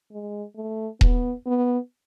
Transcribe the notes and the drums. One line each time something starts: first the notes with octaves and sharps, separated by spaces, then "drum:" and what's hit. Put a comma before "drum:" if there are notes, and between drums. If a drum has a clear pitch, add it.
G#3
A3
B3, drum: kick D#1
B3